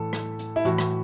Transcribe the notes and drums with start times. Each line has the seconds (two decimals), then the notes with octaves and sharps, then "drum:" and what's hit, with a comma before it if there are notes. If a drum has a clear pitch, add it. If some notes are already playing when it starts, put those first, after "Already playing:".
Already playing: A2 E3 A4
0.13 drum: rim click
0.39 drum: hi-hat
0.56 E4
0.65 A2 E3 F#4, drum: hi-hat
0.78 drum: rim click